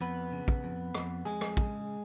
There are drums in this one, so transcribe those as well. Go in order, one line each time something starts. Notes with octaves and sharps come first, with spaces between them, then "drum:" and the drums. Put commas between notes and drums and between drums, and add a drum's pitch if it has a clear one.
F2 B3 B4
C#3
drum: kick
F2
F2, drum: rim click
F2 G#3 G#4
drum: rim click
C#3, drum: kick